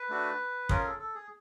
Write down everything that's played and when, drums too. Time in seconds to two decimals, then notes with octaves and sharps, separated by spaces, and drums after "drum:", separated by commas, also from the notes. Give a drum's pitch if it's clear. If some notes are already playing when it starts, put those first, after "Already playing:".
Already playing: B4
0.09 A3 D4 F#4
0.69 C#4 F4 G#4 A#4, drum: kick
0.85 A4
0.99 A4
1.15 G#4